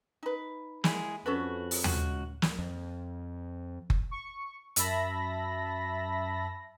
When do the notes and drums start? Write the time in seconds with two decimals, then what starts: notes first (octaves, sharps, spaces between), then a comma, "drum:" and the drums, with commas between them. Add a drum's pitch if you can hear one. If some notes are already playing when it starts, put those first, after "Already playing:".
0.23 D#4 B4
0.84 G#3 E4 G#4, drum: snare
1.26 F2 C#4 F#4 A4 B4
1.71 drum: open hi-hat
1.84 C#2 F#4, drum: tom D#2
2.42 drum: snare
2.59 F2
3.90 drum: kick F#1
4.11 C#6
4.76 F#2 E5 A5 B5 A#6, drum: hi-hat